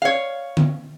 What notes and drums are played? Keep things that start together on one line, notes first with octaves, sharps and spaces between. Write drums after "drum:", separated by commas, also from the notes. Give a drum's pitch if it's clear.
C#5 F5
drum: tom D3